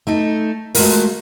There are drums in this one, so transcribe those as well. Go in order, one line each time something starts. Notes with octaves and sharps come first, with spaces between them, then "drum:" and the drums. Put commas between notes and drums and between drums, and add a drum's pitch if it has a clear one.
A3 D#4 A4
G#3 A3 C#4 F4 F#4 A#4, drum: open hi-hat